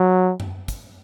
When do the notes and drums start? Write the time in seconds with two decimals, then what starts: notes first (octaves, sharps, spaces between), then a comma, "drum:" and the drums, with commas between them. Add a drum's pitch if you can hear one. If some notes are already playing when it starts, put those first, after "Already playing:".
Already playing: F#3
0.40 drum: tom F#2
0.68 drum: kick, hi-hat